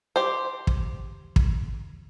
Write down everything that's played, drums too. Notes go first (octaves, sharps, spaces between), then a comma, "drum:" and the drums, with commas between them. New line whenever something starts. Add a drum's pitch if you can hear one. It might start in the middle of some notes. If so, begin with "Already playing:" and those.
G4 C5
drum: kick
drum: kick